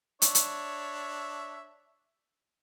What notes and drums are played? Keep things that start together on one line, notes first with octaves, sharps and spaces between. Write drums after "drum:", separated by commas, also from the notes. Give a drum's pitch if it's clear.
D4 C#5 E5, drum: hi-hat
drum: hi-hat